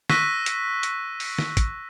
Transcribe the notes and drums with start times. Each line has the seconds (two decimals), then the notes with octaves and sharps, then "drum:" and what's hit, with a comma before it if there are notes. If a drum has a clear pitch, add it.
0.09 C#6 E6 F#6 A#6 B6 D#7, drum: snare
0.46 drum: hi-hat
0.83 drum: hi-hat
1.20 drum: open hi-hat
1.38 drum: snare
1.57 drum: kick, hi-hat